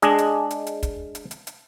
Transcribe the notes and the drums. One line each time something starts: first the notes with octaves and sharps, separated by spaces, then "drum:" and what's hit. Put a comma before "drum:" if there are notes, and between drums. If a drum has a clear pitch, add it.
G#3 D4 G#4 D#5, drum: hi-hat
drum: hi-hat
drum: hi-hat
drum: hi-hat
drum: kick, hi-hat
drum: hi-hat
drum: hi-hat
drum: hi-hat